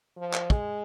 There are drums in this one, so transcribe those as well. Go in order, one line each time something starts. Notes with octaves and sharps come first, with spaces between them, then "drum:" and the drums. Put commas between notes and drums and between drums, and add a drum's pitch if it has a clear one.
F3
drum: clap
G#3, drum: kick